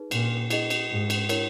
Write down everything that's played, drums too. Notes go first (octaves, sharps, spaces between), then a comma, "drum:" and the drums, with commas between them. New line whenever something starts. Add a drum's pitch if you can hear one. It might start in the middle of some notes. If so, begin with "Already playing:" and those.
Already playing: D#4 G#4 B4
A#2, drum: cymbal
E4 G#4 D#5, drum: cymbal
drum: cymbal
G#2
drum: cymbal
E4 A#4 C#5, drum: cymbal